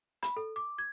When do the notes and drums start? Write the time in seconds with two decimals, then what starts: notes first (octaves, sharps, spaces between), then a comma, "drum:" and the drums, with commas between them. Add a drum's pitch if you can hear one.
0.23 B5, drum: hi-hat
0.37 A4
0.56 D6
0.78 G#6